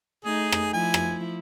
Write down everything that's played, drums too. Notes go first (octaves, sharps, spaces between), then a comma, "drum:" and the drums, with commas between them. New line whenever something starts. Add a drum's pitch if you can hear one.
A3 D#4 G#4
drum: rim click
F3 E4 G#5
drum: rim click